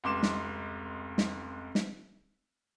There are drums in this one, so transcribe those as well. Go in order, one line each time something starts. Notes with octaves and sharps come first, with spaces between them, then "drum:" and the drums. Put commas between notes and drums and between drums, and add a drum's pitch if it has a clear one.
F1 C#2 C6 D6 E7
drum: snare
drum: snare
drum: snare